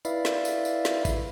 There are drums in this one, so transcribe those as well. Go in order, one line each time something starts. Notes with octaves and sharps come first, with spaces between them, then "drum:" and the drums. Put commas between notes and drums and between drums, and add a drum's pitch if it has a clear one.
E4 B4 D5 E5 F5, drum: tambourine
drum: snare
drum: tambourine
drum: tambourine
drum: snare
drum: kick, tambourine